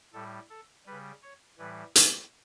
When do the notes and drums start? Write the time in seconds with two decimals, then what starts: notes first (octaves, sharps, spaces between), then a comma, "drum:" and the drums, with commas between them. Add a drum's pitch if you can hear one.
0.13 A2 G3 A4
0.50 A4
0.86 C#3 G3 B4
1.22 C#5
1.58 A2 E3 G3 B4
1.95 A4, drum: hi-hat